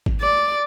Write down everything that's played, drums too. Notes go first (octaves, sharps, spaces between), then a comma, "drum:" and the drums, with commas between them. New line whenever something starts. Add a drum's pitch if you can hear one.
drum: kick G#1
D5